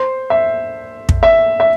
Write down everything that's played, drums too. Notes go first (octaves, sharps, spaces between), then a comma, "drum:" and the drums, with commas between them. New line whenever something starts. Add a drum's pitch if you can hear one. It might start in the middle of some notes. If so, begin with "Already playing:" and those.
Already playing: C5
E5
drum: kick
E5
E5